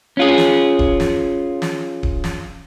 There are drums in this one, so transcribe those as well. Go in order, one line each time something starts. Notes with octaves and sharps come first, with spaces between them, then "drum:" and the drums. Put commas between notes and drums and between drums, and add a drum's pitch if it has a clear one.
C#4 F4 G#4
drum: snare
drum: kick D1
drum: snare
drum: snare
drum: kick D1
drum: snare